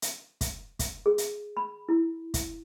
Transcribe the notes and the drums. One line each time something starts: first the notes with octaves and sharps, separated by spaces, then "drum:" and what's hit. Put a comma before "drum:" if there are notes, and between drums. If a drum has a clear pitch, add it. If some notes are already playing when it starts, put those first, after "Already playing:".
drum: hi-hat
drum: kick, hi-hat
drum: kick, hi-hat
G#4
drum: hi-hat
B5
E4
drum: kick, hi-hat